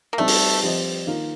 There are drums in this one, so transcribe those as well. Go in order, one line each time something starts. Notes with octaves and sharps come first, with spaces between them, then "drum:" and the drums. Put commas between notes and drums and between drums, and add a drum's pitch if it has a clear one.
A#3
G3 A3 C4 D#4 G4 D5
drum: open hi-hat
F3 C4 G4 C5 D#5
D#3 A#3 F4 A#4